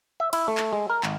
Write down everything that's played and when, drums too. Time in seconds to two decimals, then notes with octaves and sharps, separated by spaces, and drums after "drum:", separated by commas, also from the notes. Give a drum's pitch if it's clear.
0.20 E5
0.33 E4, drum: cymbal
0.48 A3
0.57 drum: clap
0.73 G#3
0.90 A#4
1.03 G#1, drum: clap